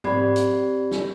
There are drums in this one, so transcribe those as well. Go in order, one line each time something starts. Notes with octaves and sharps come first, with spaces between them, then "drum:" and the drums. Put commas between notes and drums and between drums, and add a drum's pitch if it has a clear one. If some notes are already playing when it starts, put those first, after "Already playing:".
C4 G4 D5 B5 G#6, drum: tom
drum: hi-hat
drum: snare